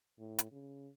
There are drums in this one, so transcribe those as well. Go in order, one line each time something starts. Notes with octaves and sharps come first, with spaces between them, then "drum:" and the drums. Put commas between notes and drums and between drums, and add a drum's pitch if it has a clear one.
A2
drum: hi-hat
C#3